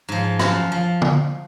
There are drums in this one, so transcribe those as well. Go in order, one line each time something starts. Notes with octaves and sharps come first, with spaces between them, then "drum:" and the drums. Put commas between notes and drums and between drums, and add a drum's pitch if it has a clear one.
G#2 F3
F#2 F3 F4, drum: rim click
F3
drum: tom D3